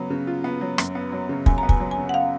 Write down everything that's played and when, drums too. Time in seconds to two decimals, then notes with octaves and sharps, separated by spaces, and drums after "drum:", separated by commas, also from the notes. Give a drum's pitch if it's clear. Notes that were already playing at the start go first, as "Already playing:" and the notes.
Already playing: C#3 F#3 B3
0.10 C#3
0.27 F4
0.44 B3
0.61 F#3
0.78 F#2, drum: rim click
0.95 B3
1.12 F#3
1.29 C#3
1.46 F#2 G#5, drum: kick
1.58 A#5
1.63 B3
1.69 G#5, drum: kick
1.80 F#3
1.91 G#5
1.98 C#3
2.09 F#5
2.14 F5